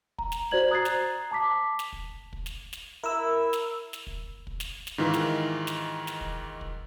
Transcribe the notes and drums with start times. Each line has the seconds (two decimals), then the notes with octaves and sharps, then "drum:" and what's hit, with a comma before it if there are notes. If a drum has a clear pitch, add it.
0.18 A#5, drum: kick
0.32 drum: snare
0.51 F#4 C5 D5 G#6 F#7
0.70 A#5 D#6 F#6 G#6 A6 C7
0.85 drum: snare
1.31 A5 D6 B6
1.79 drum: snare
1.92 drum: kick
2.33 drum: kick
2.46 drum: snare
2.73 drum: snare
3.04 E4 A#4 E6
3.53 drum: snare
3.93 drum: snare
4.07 drum: kick
4.47 drum: kick
4.60 drum: snare
4.87 drum: snare
4.98 G#2 D#3 E3 F4
5.14 drum: snare
5.67 drum: snare
6.07 drum: snare
6.21 drum: kick
6.61 drum: kick